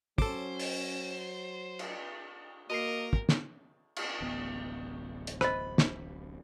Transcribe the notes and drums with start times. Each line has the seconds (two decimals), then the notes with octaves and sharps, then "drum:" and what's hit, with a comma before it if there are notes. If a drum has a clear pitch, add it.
0.18 F#3 C#4 A4 C5 D6, drum: kick
0.59 drum: open hi-hat
1.79 drum: cymbal
2.70 A#3 F#4 A#4 D#5 C7
3.13 drum: kick
3.29 drum: snare
3.96 drum: cymbal
4.21 D1 A1 B3
5.27 drum: hi-hat
5.41 C5 D#5 B5, drum: rim click
5.78 drum: snare